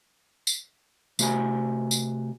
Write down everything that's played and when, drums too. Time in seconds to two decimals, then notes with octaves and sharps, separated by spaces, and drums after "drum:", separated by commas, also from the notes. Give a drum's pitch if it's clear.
0.47 drum: tambourine
1.19 C3 A3 F#4 G4 F5 G#5, drum: tambourine
1.91 drum: tambourine